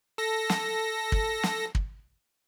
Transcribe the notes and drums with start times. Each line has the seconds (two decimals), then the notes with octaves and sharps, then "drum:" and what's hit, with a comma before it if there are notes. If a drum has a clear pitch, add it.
0.18 A4 A#6
0.50 drum: snare
1.12 drum: kick
1.43 drum: snare
1.75 drum: kick